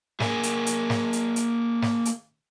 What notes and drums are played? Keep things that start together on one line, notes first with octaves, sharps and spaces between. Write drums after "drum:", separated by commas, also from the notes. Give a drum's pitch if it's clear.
A#3 G#4, drum: snare
drum: hi-hat
drum: hi-hat
drum: snare
drum: hi-hat
drum: hi-hat
drum: snare
drum: hi-hat